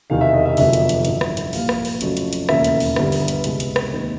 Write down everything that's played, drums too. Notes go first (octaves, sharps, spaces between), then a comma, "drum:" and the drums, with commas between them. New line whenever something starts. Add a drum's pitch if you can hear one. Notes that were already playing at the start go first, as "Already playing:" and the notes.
E1 E2 C3 D#3 F5
E5
D#5
E5
F1 F2 D3 F#3 B3 E5, drum: open hi-hat
drum: hi-hat
drum: hi-hat
A1 G2 D3 F#3, drum: hi-hat
drum: rim click
drum: hi-hat
A#1 A#2 G3 F5, drum: open hi-hat
drum: rim click
drum: open hi-hat
F2 C#3 F#3 A3, drum: hi-hat
drum: hi-hat
drum: hi-hat
E1 D#2 C#3 E5, drum: rim click
drum: hi-hat
drum: open hi-hat
G1 G2 D3 G3 B3, drum: rim click
drum: open hi-hat
drum: hi-hat
C#2 C3 E3 G#3 B3, drum: hi-hat
drum: hi-hat
drum: rim click
D#2 D#3 G#3 C4